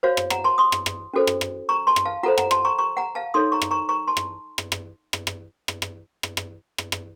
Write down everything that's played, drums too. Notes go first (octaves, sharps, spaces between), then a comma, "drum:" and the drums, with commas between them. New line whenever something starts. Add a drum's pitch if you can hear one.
F#4 C5 C#5 F5
drum: rim click
F#5 A#5, drum: rim click
A5 C6
C6 D#6
drum: rim click
drum: rim click
C#4 F#4 A4 C5
drum: rim click
drum: rim click
A#5 C#6
A5 C6
drum: rim click
F5 A5
F4 A4 C5 F#5 A#5
F#5 A#5, drum: rim click
A5 C6, drum: rim click
A#5 C#6
A#5 C#6
F#5 A#5
F5 A5
D#4 A4 C#5 C6 D#6
A#5 C#6
drum: rim click
A#5 C#6
A#5 C#6
A5 C6
drum: rim click
drum: rim click
drum: rim click
drum: rim click
drum: rim click
drum: rim click
drum: rim click
drum: rim click
drum: rim click
drum: rim click
drum: rim click